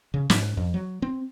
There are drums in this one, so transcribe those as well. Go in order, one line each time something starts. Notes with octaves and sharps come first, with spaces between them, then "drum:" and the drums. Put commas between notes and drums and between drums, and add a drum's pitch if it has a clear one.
C#3
G#2, drum: snare
F2
F#3
C4